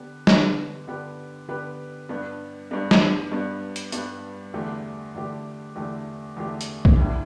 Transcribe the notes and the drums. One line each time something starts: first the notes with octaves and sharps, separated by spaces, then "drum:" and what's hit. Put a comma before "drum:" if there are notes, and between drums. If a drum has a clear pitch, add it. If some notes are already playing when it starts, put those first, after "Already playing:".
Already playing: D3 B3 G4 B4
D3 B3 G4 B4, drum: snare
D3 B3 G4 B4
D3 B3 G4 B4
G2 G3 B3 D4
G2 G3 B3 D4
drum: snare
G2 G3 B3 D4
drum: hi-hat
G2 G3 B3 D4, drum: hi-hat
E2 D3 A3 G4
E2 D3 A3 G4
E2 D3 A3 G4
E2 D3 A3 G4
drum: hi-hat
drum: kick B1
D2 D3 G3 E4 G4